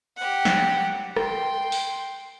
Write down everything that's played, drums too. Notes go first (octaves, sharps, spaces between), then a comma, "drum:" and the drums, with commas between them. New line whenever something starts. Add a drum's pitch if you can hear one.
G4 F#5
drum: snare
G5 C6, drum: rim click
drum: open hi-hat